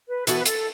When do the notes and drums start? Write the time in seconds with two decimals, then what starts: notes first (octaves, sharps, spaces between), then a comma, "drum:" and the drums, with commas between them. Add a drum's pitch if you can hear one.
0.08 B4
0.27 E3 B3 F#4 A4, drum: hi-hat
0.38 B4
0.46 A4, drum: hi-hat